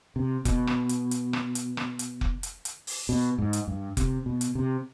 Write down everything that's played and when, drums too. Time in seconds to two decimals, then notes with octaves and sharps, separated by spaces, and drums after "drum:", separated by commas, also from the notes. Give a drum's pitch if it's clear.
0.16 C3
0.45 B2, drum: kick F1, hi-hat
0.67 drum: rim click
0.89 drum: hi-hat
1.11 drum: hi-hat
1.33 drum: rim click
1.55 drum: hi-hat
1.77 drum: rim click
1.99 drum: hi-hat
2.21 drum: kick F1
2.43 drum: hi-hat
2.65 drum: hi-hat
2.87 drum: open hi-hat
3.09 B2
3.38 G#2
3.53 drum: hi-hat
3.68 G2
3.97 C3, drum: kick F1, hi-hat
4.26 B2
4.41 drum: hi-hat
4.55 C3